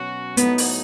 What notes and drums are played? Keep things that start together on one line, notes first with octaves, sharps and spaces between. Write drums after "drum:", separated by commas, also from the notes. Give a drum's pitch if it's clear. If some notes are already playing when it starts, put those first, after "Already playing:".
Already playing: B2 F#3 C#4 F#4
A2 F#3 A3 B3 D#4, drum: hi-hat
drum: open hi-hat